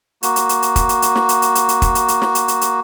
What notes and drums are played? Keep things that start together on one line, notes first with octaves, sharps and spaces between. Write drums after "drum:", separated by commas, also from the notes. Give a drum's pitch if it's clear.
A#3 F#4, drum: hi-hat
drum: hi-hat
drum: hi-hat
drum: hi-hat
drum: kick, hi-hat
drum: hi-hat
drum: hi-hat
drum: snare
drum: hi-hat
drum: hi-hat
drum: hi-hat
drum: hi-hat
drum: kick, hi-hat
drum: hi-hat
drum: hi-hat
drum: snare
drum: hi-hat
drum: hi-hat
drum: hi-hat